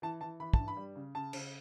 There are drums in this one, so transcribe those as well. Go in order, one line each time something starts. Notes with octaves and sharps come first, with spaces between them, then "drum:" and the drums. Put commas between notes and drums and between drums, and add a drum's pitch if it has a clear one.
E3 A5
E3 A5
E3 B5
G2 A5, drum: kick
B5
G3
C#3
C#3 A5
C#3, drum: cymbal